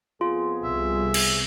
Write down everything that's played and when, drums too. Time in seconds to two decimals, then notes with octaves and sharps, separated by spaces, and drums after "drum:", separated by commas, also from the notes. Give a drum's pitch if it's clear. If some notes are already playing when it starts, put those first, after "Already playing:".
0.21 F2 B3 F4 G#4
0.64 C2 E5
1.14 drum: cymbal